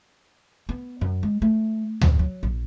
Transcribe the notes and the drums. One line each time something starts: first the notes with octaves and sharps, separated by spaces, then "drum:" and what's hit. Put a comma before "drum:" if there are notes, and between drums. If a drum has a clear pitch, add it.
B3
F#2
G#3
A3
F2, drum: tom D2
F#3
A#1